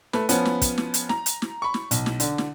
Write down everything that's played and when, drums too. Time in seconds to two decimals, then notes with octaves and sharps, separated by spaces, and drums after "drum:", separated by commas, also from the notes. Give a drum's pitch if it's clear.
0.13 A3 B4, drum: snare
0.29 F3 B3 C#4, drum: hi-hat
0.45 drum: snare
0.62 drum: kick, hi-hat
0.78 drum: snare
0.94 drum: hi-hat
1.09 A#5, drum: snare
1.26 drum: hi-hat
1.42 drum: snare
1.62 B5 C#6
1.74 drum: snare
1.91 B1, drum: hi-hat
2.06 drum: snare
2.20 D3, drum: hi-hat
2.38 drum: snare